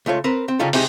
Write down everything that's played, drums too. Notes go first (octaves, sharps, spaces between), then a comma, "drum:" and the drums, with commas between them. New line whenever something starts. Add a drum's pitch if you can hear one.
C#2 A3 F4 C#5
C4 A#4 B4
C4
C#3 G3 C#4 D#4 F4 A4
C3 G#3 D#4 G4, drum: open hi-hat